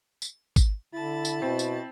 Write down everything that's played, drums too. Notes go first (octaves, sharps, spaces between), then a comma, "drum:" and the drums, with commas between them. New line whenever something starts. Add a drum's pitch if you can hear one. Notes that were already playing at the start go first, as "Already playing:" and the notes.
drum: tambourine
drum: kick, tambourine
D3 E4 A5 B5 A6
drum: tambourine
B2 C4
drum: tambourine